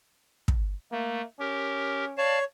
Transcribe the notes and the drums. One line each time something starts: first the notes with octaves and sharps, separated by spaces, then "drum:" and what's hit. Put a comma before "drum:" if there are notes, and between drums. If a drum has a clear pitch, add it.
drum: kick
A3 A#3
C#4 G4 A#4
C#5 D5 F5 A5